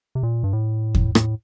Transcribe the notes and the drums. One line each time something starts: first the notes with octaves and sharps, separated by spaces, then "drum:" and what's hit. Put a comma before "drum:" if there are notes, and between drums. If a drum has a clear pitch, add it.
C3
A#2
G2
A2
drum: kick E2
A2, drum: rim click